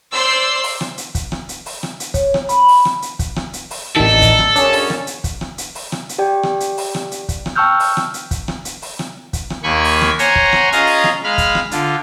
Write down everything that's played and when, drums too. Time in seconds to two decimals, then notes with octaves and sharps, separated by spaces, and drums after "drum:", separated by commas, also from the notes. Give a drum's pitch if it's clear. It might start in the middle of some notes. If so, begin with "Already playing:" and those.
0.13 C5 D5 C6 E6
0.64 drum: open hi-hat
0.81 drum: rim click
0.98 drum: hi-hat
1.15 drum: kick, hi-hat
1.32 drum: rim click
1.49 drum: hi-hat
1.66 drum: open hi-hat
1.83 drum: rim click
2.00 drum: hi-hat
2.14 C#5, drum: kick, hi-hat
2.34 drum: rim click
2.49 B5, drum: hi-hat
2.68 drum: open hi-hat
2.85 drum: rim click
3.02 drum: hi-hat
3.19 drum: kick, hi-hat
3.36 drum: rim click
3.53 drum: hi-hat
3.70 drum: open hi-hat
3.96 A1 C3 D#3 D#4 A4 D5
4.22 drum: kick, hi-hat
4.39 drum: rim click
4.56 F#2 C#4 D4 G#4 C#5, drum: hi-hat
4.73 drum: open hi-hat
4.90 drum: rim click
5.07 drum: hi-hat
5.24 drum: kick, hi-hat
5.41 drum: rim click
5.58 drum: hi-hat
5.75 drum: open hi-hat
5.92 drum: rim click
6.09 drum: hi-hat
6.18 G4 D5 G5
6.43 drum: rim click
6.60 drum: hi-hat
6.77 drum: open hi-hat
6.94 drum: rim click
7.12 drum: hi-hat
7.29 drum: kick, hi-hat
7.46 drum: rim click
7.55 G5 A5 C#6 E6 F6 G6
7.80 drum: open hi-hat
7.97 drum: rim click
8.14 drum: hi-hat
8.31 drum: kick, hi-hat
8.48 drum: rim click
8.65 drum: hi-hat
8.82 drum: open hi-hat
8.99 drum: rim click
9.33 drum: kick, hi-hat
9.50 drum: rim click
9.63 D#2 A#3 G#5 B5 C#6
9.84 drum: open hi-hat
10.01 drum: rim click
10.19 C5 C#5 F#5 G#5 A#5, drum: hi-hat
10.36 drum: kick
10.53 drum: rim click
10.72 C#4 F4 G#4 D#5 F5 A#5, drum: hi-hat
10.87 drum: open hi-hat
11.04 drum: rim click
11.24 G#3 F5 B5 F6
11.38 drum: kick, hi-hat
11.55 drum: rim click
11.71 D3 F4, drum: hi-hat